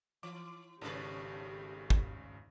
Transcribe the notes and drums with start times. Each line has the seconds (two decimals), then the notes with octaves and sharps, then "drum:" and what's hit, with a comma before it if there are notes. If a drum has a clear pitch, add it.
0.23 E3 D6
0.81 G#1 A2 C#3 C#4 G4 B4
1.90 drum: kick